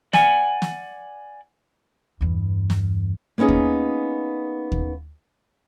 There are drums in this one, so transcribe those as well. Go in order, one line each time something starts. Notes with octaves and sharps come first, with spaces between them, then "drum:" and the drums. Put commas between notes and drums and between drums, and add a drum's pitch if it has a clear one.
D5 F#5 G#5, drum: snare
drum: snare
E2 G2
drum: snare
A#3 B3 C#4 D#4 G#4
drum: kick D#2
drum: kick D#2